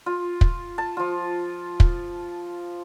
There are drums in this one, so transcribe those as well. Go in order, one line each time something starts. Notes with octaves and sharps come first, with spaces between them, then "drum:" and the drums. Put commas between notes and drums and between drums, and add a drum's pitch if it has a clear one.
F4
drum: kick
A5
F3 F4
drum: kick